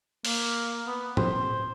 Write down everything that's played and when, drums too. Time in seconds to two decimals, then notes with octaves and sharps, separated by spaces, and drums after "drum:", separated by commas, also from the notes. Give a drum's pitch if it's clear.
0.25 A#3, drum: open hi-hat
0.87 B3
1.17 C5, drum: tom A2